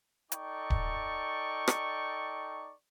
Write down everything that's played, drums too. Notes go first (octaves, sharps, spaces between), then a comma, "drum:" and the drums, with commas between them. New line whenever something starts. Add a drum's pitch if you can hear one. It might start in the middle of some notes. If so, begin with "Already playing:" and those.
D#4 A4 D5 G5 C#6, drum: hi-hat
drum: kick D1
drum: rim click